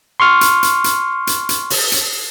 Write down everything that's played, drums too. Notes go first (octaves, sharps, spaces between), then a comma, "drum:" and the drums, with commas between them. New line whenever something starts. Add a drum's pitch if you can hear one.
C6 C#6 F6
drum: hi-hat
drum: hi-hat
drum: hi-hat
drum: hi-hat
drum: hi-hat
drum: open hi-hat
drum: hi-hat